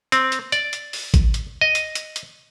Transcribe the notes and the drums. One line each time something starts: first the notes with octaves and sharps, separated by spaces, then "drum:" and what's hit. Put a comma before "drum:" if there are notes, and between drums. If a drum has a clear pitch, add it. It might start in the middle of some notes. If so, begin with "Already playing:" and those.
C4, drum: hi-hat
drum: hi-hat
D5, drum: hi-hat
drum: hi-hat
drum: open hi-hat
drum: kick A1, hi-hat
drum: hi-hat
D#5
drum: hi-hat
drum: hi-hat
drum: hi-hat